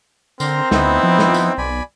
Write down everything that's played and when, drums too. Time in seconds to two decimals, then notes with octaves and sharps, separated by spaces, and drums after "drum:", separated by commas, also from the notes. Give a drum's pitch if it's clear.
0.40 D3 C4 A#4 A#5 C6, drum: tambourine
0.71 D2 B3 D#4 E4, drum: snare
1.03 F3
1.19 drum: snare
1.34 drum: tambourine
1.58 B1 D5 G#5 B5